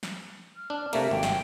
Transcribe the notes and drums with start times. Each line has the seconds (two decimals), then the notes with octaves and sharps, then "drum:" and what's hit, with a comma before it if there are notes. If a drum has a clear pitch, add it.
0.03 drum: snare
0.56 F6
0.70 D4
0.93 C3 A3 A#3 E5, drum: cymbal
1.11 G#1 G5
1.23 drum: snare